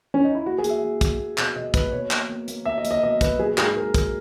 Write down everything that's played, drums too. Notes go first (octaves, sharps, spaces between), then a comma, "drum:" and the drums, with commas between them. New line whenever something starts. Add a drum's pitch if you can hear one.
C#4
D#4
E4
A#3 F#4
G#4
A#3, drum: hi-hat
E5
A#3
A#3, drum: kick, hi-hat
A#3
B2, drum: clap
B2 D#5
A#3 B4, drum: kick, hi-hat
B2 C#5
A#3, drum: clap
A#3
A#3, drum: hi-hat
A#3 E5
D#5
A#3, drum: hi-hat
D#5
B2 D#5
A#3 B4, drum: kick, hi-hat
F#3 G#4
G#2 G#4, drum: clap
G#2 A#4
G#2 A#4, drum: kick, hi-hat